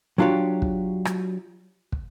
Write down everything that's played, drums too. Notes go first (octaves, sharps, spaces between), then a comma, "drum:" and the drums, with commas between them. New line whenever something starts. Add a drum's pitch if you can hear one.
F#3 D4 F4 G4 C#5
drum: kick
drum: rim click
drum: kick